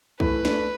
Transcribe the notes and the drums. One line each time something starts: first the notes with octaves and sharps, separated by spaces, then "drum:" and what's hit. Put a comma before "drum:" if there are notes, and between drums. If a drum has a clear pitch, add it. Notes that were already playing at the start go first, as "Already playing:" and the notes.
E3 A3 B4, drum: kick C2
A3 D4, drum: snare